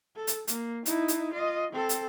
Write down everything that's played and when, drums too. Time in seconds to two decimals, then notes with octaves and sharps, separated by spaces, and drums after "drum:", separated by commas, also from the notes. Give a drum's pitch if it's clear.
0.16 A4
0.27 drum: hi-hat
0.48 A#3, drum: hi-hat
0.86 D#4 E4, drum: hi-hat
1.08 drum: hi-hat
1.33 F4 D#5
1.72 C4 A4
1.89 drum: hi-hat